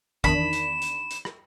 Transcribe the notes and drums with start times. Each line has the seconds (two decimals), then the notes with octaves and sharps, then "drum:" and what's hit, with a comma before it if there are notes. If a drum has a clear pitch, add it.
0.24 E2 D#3 D4 B5 E7, drum: kick, hi-hat
0.53 drum: hi-hat
0.82 drum: hi-hat
1.11 drum: hi-hat
1.25 drum: rim click